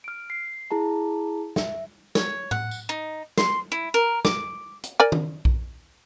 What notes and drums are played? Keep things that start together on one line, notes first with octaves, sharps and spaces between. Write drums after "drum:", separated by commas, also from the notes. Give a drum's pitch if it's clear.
F6 D7
C7
E4 G#4 A5 A#5
E5, drum: snare
C#5, drum: snare
F#5, drum: tom A2
drum: tambourine
D#4
C6, drum: snare
E4
A#4
D6, drum: snare
drum: hi-hat
A#4 D5 G#5
drum: tom D#3
drum: kick A#1